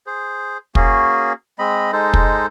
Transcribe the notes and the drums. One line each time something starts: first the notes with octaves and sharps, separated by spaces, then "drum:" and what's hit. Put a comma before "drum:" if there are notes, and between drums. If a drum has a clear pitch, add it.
G#4 C5
A#3 C#4 F#4 G#4, drum: kick
G#3 C4 D#5 B5
G#3 D#4 A4 C5
drum: kick